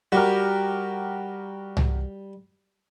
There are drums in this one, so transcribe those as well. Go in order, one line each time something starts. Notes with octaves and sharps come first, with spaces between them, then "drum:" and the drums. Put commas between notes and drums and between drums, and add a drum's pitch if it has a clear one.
G3 F#4 G4 A#4
drum: tom C2